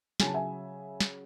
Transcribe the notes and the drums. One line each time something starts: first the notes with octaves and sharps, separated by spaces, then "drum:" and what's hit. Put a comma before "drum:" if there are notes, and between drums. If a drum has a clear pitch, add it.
C#3 F#3 G#5, drum: snare
A5
E5 G#5
drum: snare